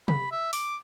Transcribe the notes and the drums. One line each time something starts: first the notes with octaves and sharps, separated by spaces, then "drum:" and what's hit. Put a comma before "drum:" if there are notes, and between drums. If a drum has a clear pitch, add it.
B5, drum: tom C3
E5
D6, drum: open hi-hat